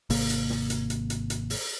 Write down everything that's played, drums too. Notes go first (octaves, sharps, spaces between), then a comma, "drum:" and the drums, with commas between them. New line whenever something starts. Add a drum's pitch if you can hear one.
G#1 C3 A#3, drum: open hi-hat
drum: hi-hat
drum: snare
drum: hi-hat
drum: hi-hat
drum: hi-hat
drum: hi-hat
drum: open hi-hat